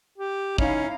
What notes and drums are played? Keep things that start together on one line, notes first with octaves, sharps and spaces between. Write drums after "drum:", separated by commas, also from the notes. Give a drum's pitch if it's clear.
G4
C#4 D#4 E4 F5, drum: kick